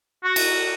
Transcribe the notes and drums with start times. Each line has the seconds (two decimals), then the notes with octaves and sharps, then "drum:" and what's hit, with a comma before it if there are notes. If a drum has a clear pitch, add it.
0.24 F#4
0.36 drum: cymbal